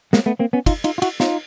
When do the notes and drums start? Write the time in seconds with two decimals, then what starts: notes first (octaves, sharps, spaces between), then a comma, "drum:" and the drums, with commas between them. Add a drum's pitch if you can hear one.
0.13 G#3 A#3, drum: snare
0.26 A3 B3
0.39 A#3 C4
0.53 B3 C#4
0.66 D#4 F4, drum: kick, cymbal
0.84 D#4 F4, drum: cymbal
0.98 F4
1.02 E4 F#4, drum: cymbal
1.20 D#4 F4, drum: snare